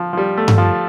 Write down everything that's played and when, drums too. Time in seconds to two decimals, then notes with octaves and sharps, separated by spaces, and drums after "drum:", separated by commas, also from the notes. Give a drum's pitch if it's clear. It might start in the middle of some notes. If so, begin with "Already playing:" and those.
Already playing: F3
0.13 F3
0.17 G3
0.37 A3
0.48 drum: tom G2
0.58 F3